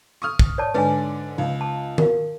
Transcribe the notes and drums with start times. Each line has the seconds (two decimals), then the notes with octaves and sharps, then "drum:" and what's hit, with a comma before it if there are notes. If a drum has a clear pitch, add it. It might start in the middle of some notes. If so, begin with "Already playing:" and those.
0.22 C#6 D#6 F6
0.39 drum: kick
0.58 C#5 D5 A5
0.74 G#2 D3 B4 D5 G#5
1.38 C#2 D#4
1.61 A5
1.98 A#4 F5, drum: tom D#3